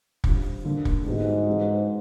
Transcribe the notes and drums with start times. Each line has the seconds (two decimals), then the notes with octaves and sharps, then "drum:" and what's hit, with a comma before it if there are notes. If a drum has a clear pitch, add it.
0.24 D3 G3 C4 F4, drum: kick
0.65 D3 G3 A#3
0.85 drum: kick
1.06 G#2 G3 B3 D#4 F#4
1.47 E3 G#3 C4